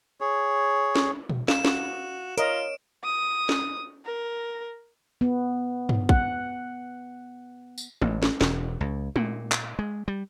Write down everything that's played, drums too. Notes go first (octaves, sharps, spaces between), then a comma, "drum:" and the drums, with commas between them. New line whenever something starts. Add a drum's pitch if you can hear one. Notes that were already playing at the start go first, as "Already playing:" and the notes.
G#4 C#5
drum: snare
drum: tom A#2
F5 E7, drum: snare
F#4, drum: snare
F4 A#4 C#5 D#5 D7, drum: hi-hat
D#6
drum: snare
A#4
B3
drum: tom G2
F#5, drum: kick
drum: tambourine
A1, drum: tom G#3
drum: snare
E1, drum: snare
C#2
A#2, drum: tom G#3
drum: clap
G#3
G3